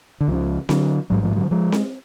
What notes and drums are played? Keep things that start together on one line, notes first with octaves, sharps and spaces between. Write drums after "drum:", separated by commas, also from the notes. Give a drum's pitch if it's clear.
D3
C#2 C#3 F3
D3 F#3, drum: snare C4
A1 G#2 F#3
F3
D3 F#3
F3 G#3
drum: snare C4